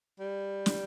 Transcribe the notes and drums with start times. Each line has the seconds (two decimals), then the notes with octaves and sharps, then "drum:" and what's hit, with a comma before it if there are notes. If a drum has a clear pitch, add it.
0.20 G3
0.66 drum: snare